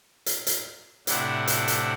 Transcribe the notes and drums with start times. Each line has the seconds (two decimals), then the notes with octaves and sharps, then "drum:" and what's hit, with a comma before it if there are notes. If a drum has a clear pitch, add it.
0.26 drum: hi-hat
0.47 drum: hi-hat
1.07 A2 C3 D4 E4 F#5, drum: hi-hat
1.47 drum: hi-hat
1.68 drum: hi-hat